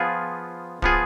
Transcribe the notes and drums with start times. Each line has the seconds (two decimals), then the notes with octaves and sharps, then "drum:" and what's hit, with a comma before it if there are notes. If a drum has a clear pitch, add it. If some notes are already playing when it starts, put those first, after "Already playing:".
Already playing: F3 B3 F4 G#4
0.82 F3 B3 F4 G#4, drum: kick